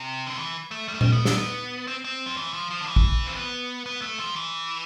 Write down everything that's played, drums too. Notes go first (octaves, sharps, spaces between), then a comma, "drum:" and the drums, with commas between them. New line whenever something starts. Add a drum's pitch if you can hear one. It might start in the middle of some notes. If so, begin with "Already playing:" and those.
Already playing: C3
D3
E3
A3
G3
A3
G3, drum: tom A#2
B3
C4, drum: snare
B3
C4
C4
F3
E3
F3
F3
D3
E3
drum: kick
C4
B3
B3
A3
F3
E3